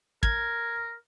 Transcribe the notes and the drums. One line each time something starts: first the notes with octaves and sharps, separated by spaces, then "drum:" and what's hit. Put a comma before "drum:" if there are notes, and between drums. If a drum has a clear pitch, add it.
A#4 G#6, drum: kick